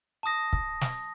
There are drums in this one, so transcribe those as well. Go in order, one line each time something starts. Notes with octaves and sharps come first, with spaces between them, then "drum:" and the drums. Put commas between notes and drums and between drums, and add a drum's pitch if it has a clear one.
A5 D#6 A#6
drum: kick
drum: snare